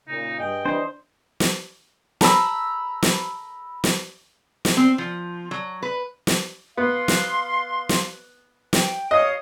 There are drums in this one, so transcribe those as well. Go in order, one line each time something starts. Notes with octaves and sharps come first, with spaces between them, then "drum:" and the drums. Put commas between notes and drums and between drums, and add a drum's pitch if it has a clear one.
A#2 C#3 D#4
G2 G#4 D#5 G5
E3 G3 D4 C5 D#5
drum: snare
A#5 B5 E6, drum: snare
drum: snare
drum: snare
drum: snare
C4
F3
F#3
B4
drum: snare
B3 F5 C6
drum: snare
drum: snare
G5, drum: snare
C#5 D#5 F5 D#6